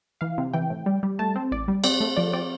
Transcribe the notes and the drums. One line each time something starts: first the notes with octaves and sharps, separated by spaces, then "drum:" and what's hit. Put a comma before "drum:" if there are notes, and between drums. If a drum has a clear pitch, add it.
E3 F5
C3
E3 G5
A2
G3
G3
A3 A5
C4
A1 D5
G3
C4 D5, drum: cymbal
A3
F3 D5
C4 D5